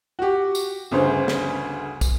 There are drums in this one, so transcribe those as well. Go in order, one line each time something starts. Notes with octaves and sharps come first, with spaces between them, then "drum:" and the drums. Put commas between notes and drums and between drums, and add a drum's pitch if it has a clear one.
F#4 G4
drum: tambourine
G1 D2 C#3 C5
drum: snare
drum: kick, tambourine